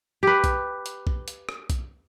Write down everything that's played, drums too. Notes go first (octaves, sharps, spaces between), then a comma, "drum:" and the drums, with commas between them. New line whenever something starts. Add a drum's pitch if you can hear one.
G4 B4
drum: kick B1, hi-hat
drum: hi-hat
drum: kick B1
drum: hi-hat
drum: rim click
drum: kick B1, hi-hat